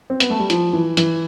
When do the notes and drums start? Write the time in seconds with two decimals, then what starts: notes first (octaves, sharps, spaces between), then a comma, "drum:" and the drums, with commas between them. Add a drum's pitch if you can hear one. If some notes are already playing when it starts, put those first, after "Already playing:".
0.10 C4
0.20 B3, drum: hi-hat
0.30 A3
0.40 G3
0.50 F3, drum: hi-hat
0.73 E3
0.97 E3, drum: hi-hat